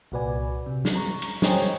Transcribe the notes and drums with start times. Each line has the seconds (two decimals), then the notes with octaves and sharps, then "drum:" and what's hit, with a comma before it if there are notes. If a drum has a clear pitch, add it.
0.12 C2 A#2 F#4 B4 D5 G#5
0.66 C3
0.85 drum: snare
0.95 A#5 C#6
1.22 drum: cymbal
1.42 C5 C#5 D#5 G5 G#5 A#5, drum: snare